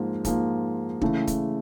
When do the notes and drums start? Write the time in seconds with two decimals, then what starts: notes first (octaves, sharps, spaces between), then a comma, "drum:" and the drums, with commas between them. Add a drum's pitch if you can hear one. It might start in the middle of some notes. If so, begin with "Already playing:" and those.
Already playing: G#2 F3 A#3
0.25 G#2 F3 A#3, drum: kick, hi-hat
1.01 C#3 E3 A3, drum: kick
1.27 drum: kick, hi-hat